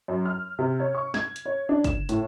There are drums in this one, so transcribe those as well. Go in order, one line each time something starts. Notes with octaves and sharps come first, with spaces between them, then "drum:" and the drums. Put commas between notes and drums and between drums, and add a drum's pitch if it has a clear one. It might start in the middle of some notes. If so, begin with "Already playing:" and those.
F#2
F6
C3
C#5
C#6
G#6, drum: snare
drum: hi-hat
C#5
D4
E7, drum: kick, hi-hat
A2, drum: hi-hat